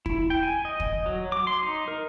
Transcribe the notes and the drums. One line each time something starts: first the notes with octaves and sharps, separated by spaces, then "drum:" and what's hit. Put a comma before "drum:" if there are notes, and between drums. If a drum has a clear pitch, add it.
E4, drum: kick
G5
G#5
D#5
drum: kick
F#3
D6
C6
D#4
A#4